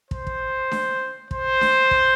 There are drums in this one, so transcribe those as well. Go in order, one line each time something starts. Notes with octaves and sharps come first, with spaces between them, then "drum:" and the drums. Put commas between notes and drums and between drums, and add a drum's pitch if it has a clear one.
C5, drum: kick
drum: kick
drum: snare D4
C5, drum: kick
drum: snare D4
drum: kick